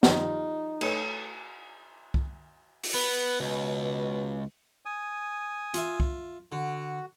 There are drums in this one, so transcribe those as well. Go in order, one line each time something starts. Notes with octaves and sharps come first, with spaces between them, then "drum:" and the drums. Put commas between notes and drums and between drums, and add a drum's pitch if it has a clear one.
F3 G3 D#4, drum: snare
A3 B4 C#5, drum: cymbal
drum: kick
drum: open hi-hat
B3 B4
C#2 B2
G#5 D#6
F4 E5, drum: hi-hat
drum: kick
D3 F#4